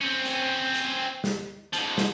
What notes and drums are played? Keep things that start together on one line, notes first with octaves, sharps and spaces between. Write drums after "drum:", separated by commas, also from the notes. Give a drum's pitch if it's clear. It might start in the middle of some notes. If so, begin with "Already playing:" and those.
C4 C#4
drum: hi-hat
drum: hi-hat
drum: snare
G#2 F3, drum: hi-hat
drum: snare